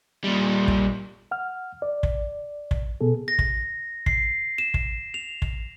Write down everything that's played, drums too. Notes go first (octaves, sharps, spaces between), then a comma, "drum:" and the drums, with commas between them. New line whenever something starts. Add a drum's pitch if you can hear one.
A#2 G3
drum: kick
F#5 F6
D5
drum: kick
drum: kick
B2 B3 G#4 A4
A#6
drum: kick
C7, drum: kick
E7
drum: kick
F7
drum: kick